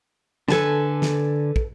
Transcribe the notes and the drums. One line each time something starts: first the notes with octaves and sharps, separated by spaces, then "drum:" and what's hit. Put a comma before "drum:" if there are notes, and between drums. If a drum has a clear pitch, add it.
D3 A4 B4 G#5 A5, drum: snare
drum: snare
drum: kick